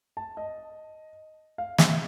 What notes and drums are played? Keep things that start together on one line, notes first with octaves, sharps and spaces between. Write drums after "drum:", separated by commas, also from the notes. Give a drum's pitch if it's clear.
A5
D#5
F5
E5, drum: snare